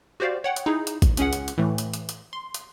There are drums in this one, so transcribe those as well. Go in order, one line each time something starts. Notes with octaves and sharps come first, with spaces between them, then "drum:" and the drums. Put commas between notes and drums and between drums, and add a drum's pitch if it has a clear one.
F#4 G4 C5 D5 F5
C#5 F#5 G5
drum: hi-hat
D#4 E4 G#4
drum: hi-hat
drum: kick A1, hi-hat
C#2 C#4 G#4 F#5, drum: hi-hat
drum: hi-hat
drum: hi-hat
A2 E3 A3
drum: hi-hat
drum: hi-hat
drum: hi-hat
C6
drum: hi-hat